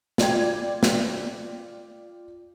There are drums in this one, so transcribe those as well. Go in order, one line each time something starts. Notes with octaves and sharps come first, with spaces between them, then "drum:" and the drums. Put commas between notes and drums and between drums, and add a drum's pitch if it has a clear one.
F4 D5 G5 G#6, drum: snare
drum: snare